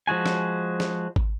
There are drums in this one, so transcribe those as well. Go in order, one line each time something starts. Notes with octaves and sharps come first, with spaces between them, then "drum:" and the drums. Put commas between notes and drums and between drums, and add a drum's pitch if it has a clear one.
F3 G#3 F#4 G#5
drum: snare
drum: snare
drum: kick G#1